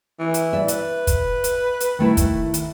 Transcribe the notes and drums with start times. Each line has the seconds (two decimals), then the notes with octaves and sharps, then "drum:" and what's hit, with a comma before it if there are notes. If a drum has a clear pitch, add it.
0.20 E3
0.34 drum: hi-hat
0.53 D5 E5
0.68 B4, drum: hi-hat
1.07 drum: kick, hi-hat
1.44 drum: hi-hat
1.80 drum: hi-hat
1.99 D#3 A3 E4
2.17 drum: kick, hi-hat
2.54 drum: hi-hat